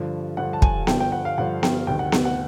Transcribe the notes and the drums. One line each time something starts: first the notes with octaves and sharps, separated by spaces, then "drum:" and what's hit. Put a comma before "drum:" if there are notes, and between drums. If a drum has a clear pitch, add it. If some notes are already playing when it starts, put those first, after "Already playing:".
Already playing: G2 D3 F3
G2 D3 F3 F#5
A5
G#5, drum: kick
G2 D3 F3 G5, drum: snare B3
G5
F#5
F5
G2 D3 F3 F#5
G5, drum: snare B3
D2 C3 D#3 G5
F#5
drum: snare B3
F#5